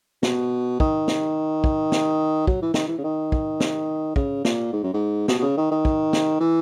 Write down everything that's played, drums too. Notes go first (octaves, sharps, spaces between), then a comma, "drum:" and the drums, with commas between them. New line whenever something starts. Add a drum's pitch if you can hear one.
B2, drum: snare
D#3, drum: kick
drum: snare
drum: kick
drum: snare
F#3, drum: kick
E3
D#3, drum: snare
E3
C#3
D#3
drum: kick
drum: snare
C#3, drum: kick
A#2, drum: snare
G#2
F#2
G#2
B2, drum: snare
B2
C#3
D#3
D#3
drum: kick
drum: snare
E3